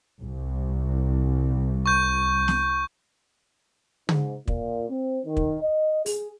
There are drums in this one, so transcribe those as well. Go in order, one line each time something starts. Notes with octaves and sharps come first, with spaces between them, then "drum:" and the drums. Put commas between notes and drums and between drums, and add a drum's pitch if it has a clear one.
C2
C#6 G6
drum: snare
G#2, drum: tom
A#2, drum: kick
C4
D#3
drum: kick
D#5
G#4, drum: open hi-hat